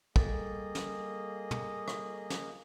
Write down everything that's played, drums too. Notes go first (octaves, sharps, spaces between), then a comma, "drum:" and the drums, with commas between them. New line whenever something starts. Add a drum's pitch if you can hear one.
G3 A#3 G#4 A4 D#5, drum: kick
drum: snare
drum: tom
drum: rim click
drum: snare